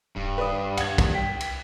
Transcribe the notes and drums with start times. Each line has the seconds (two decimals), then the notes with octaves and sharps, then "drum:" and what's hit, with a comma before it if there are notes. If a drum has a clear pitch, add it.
0.16 D1 G2
0.38 B4 D5 D#6
0.77 C2 F#5 G#6, drum: cymbal
0.98 drum: kick, cymbal
1.14 G5 B6
1.40 drum: cymbal